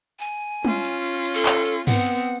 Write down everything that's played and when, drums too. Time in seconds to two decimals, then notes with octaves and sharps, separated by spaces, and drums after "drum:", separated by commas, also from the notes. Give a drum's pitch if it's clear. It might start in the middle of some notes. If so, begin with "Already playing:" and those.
0.19 G#5
0.65 C#4 F4, drum: tom G3
0.85 drum: hi-hat
1.05 drum: hi-hat
1.25 drum: hi-hat
1.35 A4
1.46 drum: clap
1.66 drum: hi-hat
1.87 B3 C4 F#5, drum: tom G2
2.06 drum: hi-hat